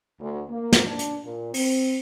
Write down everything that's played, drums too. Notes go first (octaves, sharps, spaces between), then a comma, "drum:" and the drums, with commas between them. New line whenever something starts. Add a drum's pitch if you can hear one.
D2
A#3
drum: snare
D4
drum: hi-hat
A#2
C4, drum: open hi-hat